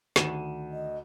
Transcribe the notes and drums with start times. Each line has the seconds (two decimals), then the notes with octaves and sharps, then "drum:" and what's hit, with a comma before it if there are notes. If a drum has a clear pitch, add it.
0.16 D2 D#3 D#7 E7, drum: snare
0.71 D#5